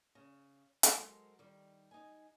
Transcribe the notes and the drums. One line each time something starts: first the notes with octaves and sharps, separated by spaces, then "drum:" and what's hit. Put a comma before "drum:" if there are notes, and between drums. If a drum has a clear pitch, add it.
C#3
F#3 G#3 A4 A#4 C5, drum: hi-hat
D#3 G3
D#4 G#5